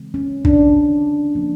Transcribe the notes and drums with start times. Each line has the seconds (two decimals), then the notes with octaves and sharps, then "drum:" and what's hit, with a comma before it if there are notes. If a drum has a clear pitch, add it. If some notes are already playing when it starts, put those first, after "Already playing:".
Already playing: C#3 E3 G#3 C4
0.14 C#4
0.45 D4, drum: kick
1.35 F3 A#3 C#4